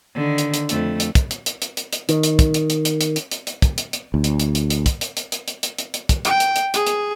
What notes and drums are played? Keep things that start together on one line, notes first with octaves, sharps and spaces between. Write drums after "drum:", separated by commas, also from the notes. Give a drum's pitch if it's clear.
D3 D#3
drum: hi-hat
drum: hi-hat
F2 A3, drum: hi-hat
drum: hi-hat
drum: kick, hi-hat
drum: hi-hat
drum: hi-hat
drum: hi-hat
drum: hi-hat
drum: hi-hat
D#3, drum: hi-hat
drum: hi-hat
drum: kick, hi-hat
drum: hi-hat
drum: hi-hat
drum: hi-hat
drum: hi-hat
drum: hi-hat
drum: hi-hat
drum: hi-hat
drum: kick, hi-hat
drum: hi-hat
drum: hi-hat
D2
drum: hi-hat
drum: hi-hat
drum: hi-hat
drum: hi-hat
drum: kick, hi-hat
drum: hi-hat
drum: hi-hat
drum: hi-hat
drum: hi-hat
drum: hi-hat
drum: hi-hat
drum: hi-hat
drum: kick, hi-hat
G5, drum: hi-hat
drum: hi-hat
drum: hi-hat
G#4, drum: hi-hat
drum: hi-hat